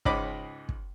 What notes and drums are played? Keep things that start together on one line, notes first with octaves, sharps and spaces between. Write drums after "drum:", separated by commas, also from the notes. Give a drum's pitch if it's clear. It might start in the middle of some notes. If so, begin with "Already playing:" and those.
C#2 G#2 C#4 D#5 B5 D6, drum: kick
drum: kick